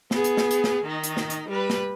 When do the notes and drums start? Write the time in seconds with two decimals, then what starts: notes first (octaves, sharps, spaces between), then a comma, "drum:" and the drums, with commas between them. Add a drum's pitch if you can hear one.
0.11 B3 G#4, drum: snare
0.24 drum: hi-hat
0.37 drum: snare
0.51 drum: hi-hat
0.64 drum: snare
0.85 D#3 D#4
1.03 drum: hi-hat
1.17 drum: snare
1.30 drum: hi-hat
1.49 G3 B4
1.70 drum: snare